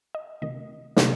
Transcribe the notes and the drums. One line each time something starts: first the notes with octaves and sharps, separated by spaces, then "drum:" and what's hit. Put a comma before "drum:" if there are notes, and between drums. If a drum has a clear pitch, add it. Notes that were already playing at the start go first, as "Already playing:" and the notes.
D#5
D2 C3 D#3 D#5
C3 D#3 D5, drum: snare